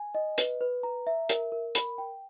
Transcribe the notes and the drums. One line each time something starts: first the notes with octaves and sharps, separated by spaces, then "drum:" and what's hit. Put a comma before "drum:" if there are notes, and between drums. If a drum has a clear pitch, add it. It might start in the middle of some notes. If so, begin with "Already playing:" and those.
Already playing: G#5
D#5
B4, drum: hi-hat
B4
A#5
E5
A#4, drum: hi-hat
A#4
B5, drum: hi-hat
G5